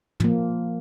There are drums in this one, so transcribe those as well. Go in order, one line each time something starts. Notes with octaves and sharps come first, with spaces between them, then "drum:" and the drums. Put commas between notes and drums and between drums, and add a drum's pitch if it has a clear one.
F3 A#3, drum: tom